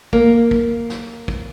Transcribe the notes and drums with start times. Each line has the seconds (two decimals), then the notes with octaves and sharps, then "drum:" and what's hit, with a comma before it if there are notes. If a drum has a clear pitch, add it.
0.13 A#3, drum: kick
0.51 drum: kick
0.90 drum: snare
1.28 drum: kick